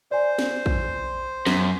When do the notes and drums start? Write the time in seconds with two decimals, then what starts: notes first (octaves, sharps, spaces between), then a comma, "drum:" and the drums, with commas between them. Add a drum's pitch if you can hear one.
0.11 C5 D5 G#5
0.39 drum: snare
0.66 drum: kick
1.47 F#2, drum: snare